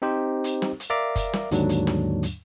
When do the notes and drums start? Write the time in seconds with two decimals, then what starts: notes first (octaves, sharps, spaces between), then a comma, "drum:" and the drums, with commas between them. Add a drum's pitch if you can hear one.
0.02 C4 D#4 G4 C5
0.44 drum: hi-hat
0.62 drum: snare
0.80 drum: hi-hat
0.90 A#4 D5 E5 F5 A#5 D6
1.16 drum: kick, hi-hat
1.33 drum: snare
1.51 D#2 G#2 D3 F#3 D4, drum: hi-hat
1.69 drum: hi-hat
1.87 drum: snare
2.23 drum: hi-hat